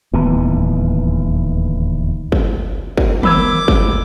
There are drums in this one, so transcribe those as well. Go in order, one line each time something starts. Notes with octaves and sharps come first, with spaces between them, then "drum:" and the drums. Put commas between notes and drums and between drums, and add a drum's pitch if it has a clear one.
D1 D#2 E3 B3
drum: kick
drum: kick
B3 A#4 C5 B5 D6 E6 G#6, drum: tom D#3
G#3, drum: kick